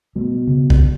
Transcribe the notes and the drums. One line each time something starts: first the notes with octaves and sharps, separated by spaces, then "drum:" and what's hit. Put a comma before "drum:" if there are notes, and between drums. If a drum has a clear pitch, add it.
B2 G3 A3
C#3
drum: kick